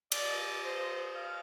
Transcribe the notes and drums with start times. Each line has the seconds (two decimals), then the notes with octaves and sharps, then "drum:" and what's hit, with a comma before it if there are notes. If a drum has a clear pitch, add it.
0.12 D5 D#5, drum: cymbal
0.63 C5
1.15 F5